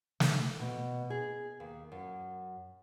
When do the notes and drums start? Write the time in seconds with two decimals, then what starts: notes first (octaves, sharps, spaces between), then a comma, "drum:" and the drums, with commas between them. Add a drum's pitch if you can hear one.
0.20 A3, drum: snare
0.60 B2
1.10 G#4
1.60 D#2
1.92 F#2